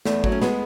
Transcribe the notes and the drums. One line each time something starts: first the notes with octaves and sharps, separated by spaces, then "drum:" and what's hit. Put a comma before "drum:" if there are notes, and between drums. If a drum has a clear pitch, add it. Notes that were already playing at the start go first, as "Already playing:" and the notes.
E2 A3, drum: snare
F#3, drum: kick G#1
C#4
G#3 B3, drum: snare